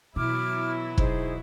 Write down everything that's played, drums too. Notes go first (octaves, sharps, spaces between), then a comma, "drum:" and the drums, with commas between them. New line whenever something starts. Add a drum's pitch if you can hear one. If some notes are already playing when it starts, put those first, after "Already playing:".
B2 E3 F#3 E4 D6 F6
B1 D#4 G#4 C5, drum: kick